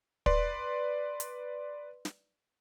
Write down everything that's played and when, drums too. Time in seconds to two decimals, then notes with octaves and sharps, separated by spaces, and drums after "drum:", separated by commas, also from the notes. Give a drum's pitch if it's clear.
0.26 B4 D5 C6, drum: kick
1.20 drum: hi-hat
2.05 drum: snare